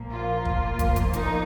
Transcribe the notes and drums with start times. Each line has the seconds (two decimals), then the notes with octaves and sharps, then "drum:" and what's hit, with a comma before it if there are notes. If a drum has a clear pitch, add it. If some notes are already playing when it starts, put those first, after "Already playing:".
Already playing: A#1 A#2 F3 A#3
0.11 F4
0.45 drum: kick
0.79 drum: kick, hi-hat
0.96 drum: kick, hi-hat
1.13 D#4, drum: hi-hat